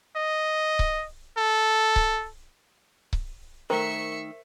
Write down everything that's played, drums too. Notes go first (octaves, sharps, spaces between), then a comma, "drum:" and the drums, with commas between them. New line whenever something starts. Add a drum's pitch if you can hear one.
D#5
drum: kick C#1
A4
drum: kick C#1
drum: kick C#1
D#3 A3 A#4 C5 E5 C#6